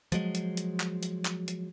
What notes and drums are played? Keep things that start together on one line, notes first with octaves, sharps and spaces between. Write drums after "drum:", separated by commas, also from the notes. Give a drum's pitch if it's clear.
F3 F#3 G#3, drum: hi-hat
drum: hi-hat
drum: hi-hat
drum: clap
drum: hi-hat
drum: clap
drum: hi-hat